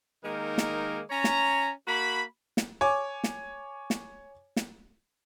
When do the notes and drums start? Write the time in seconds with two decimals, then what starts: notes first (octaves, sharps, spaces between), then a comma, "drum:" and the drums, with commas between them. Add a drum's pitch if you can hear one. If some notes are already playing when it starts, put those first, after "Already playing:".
0.25 D#3 G#3 A#3 D#4 A#4
0.58 drum: snare
1.10 C#4 C#5 A#5
1.24 drum: snare
1.88 A#3 F#4 B5
2.57 drum: snare
2.81 C#5 G#5 D6
3.24 drum: snare
3.90 drum: snare
4.56 drum: snare